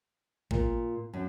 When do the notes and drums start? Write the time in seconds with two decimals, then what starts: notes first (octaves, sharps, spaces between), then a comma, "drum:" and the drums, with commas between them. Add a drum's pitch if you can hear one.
0.51 A#2, drum: kick
1.14 F#2